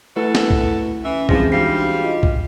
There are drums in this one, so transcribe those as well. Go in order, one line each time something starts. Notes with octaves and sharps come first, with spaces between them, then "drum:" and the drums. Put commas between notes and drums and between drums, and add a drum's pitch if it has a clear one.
E3 A3 E4 F#4 A4 B4
drum: snare
drum: kick
E3 C#4 E5
E3 F3 G#3 C4 A#6, drum: kick
G3 D4 D#4 F#4 G4 F5 B6 C7
F4 D#5
drum: kick